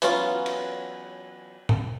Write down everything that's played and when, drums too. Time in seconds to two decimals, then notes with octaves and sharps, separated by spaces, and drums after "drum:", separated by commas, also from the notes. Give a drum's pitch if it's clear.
0.02 E3 F#3 B3 C#4 F4, drum: hi-hat
0.46 drum: cymbal
1.69 drum: tom A2